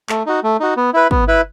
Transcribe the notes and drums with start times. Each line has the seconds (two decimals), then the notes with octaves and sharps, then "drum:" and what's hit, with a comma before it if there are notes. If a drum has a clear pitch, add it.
0.09 A3, drum: clap
0.26 D#4 F#4
0.43 A3
0.60 D#4 F#4
0.77 B3
0.94 E4 B4
1.11 B3, drum: kick
1.28 E4 B4